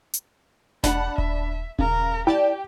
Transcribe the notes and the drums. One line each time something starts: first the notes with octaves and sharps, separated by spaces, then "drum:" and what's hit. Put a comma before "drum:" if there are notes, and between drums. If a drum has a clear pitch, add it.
drum: hi-hat
D4 F#5 A5 B5, drum: snare E1
E5, drum: kick D#1
C#3 A#4, drum: kick D#1
E4 G4 D5 G5 A5